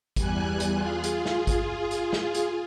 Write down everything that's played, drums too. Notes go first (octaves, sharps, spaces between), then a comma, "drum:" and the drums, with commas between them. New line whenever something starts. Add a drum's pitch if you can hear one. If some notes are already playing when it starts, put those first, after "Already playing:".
E2 G3 G#5 F#6, drum: kick G#1, hi-hat
drum: hi-hat
F4 G#4
drum: hi-hat
drum: snare
drum: kick G#1, hi-hat
drum: hi-hat
drum: snare
drum: hi-hat